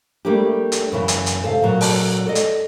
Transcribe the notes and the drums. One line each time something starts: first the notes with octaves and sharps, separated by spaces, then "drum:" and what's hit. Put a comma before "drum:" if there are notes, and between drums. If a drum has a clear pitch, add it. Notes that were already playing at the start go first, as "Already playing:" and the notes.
G3 A3 A#3 D4 G4
drum: hi-hat
F#2 C#3 E3
drum: hi-hat
drum: hi-hat
C3 A4 F5
A#2 C#3 F#3 A3
drum: open hi-hat
A4 D5 D#5
drum: hi-hat